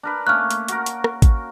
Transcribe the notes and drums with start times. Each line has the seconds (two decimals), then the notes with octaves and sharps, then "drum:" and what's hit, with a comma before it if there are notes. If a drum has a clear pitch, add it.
0.03 D4 A#4 B4
0.27 A3 A#3 C#4 F6 F#6
0.51 drum: hi-hat
0.68 F#4 A#4, drum: hi-hat
0.86 drum: hi-hat
1.04 drum: rim click
1.22 drum: kick G#1, hi-hat